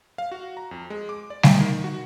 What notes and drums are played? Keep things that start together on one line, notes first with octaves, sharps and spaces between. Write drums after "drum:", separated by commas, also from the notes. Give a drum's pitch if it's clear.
F5
F#4
A#5
F2
G#3
D6
D5
D#4, drum: snare G3
D#3
F#4